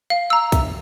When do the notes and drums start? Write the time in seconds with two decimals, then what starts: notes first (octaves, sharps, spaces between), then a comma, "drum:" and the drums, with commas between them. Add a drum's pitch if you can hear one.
0.10 F5
0.30 A#5 E6
0.52 E5, drum: kick, hi-hat